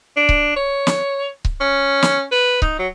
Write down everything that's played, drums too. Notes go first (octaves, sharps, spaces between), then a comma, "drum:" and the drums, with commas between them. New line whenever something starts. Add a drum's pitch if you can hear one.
D4
drum: kick C#1
C#5
drum: snare
drum: kick C#1
C#4
drum: snare
B4
D#4, drum: kick C#1
F#3